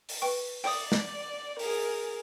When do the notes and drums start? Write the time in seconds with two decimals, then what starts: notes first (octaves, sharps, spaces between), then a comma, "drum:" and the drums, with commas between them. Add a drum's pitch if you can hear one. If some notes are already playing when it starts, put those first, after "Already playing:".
0.09 drum: open hi-hat
0.22 B4 G5 C#6
0.64 D5 G5 D#6, drum: open hi-hat
0.92 drum: snare
1.59 G#4 A#4, drum: open hi-hat